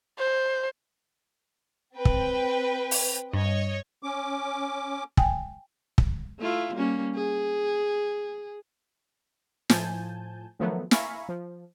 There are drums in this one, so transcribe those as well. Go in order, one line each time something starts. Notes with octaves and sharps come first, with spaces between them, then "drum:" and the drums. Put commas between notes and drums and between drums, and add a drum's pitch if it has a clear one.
C5
C4 B4 G5
drum: kick
drum: open hi-hat
G2 C#5 D#5
C#4 D6
G5 G#5, drum: kick
drum: kick
A3 E4 F4
G3 A#3 C#4
G#4
A2 F3 G#5 A5 G6, drum: snare
D#3 F3 F#3 A3 B3
E5 F5 G#5 A#5 B5 C#6, drum: snare
F3